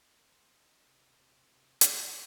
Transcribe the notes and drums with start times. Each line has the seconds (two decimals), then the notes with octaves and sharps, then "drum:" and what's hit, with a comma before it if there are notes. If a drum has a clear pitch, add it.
0.24 C4
0.56 D#4
0.87 C3
1.18 C3
1.50 C3
1.81 A#3, drum: hi-hat